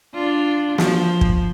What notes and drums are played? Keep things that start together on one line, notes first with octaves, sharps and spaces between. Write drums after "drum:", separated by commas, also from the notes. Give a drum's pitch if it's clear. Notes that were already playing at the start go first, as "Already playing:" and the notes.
D4 F4
F3, drum: snare
drum: kick